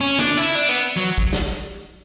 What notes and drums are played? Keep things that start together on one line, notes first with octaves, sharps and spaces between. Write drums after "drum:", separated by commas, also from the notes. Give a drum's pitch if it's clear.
C#4
D4, drum: tom
E4
D4
B3
F#3
drum: kick
drum: snare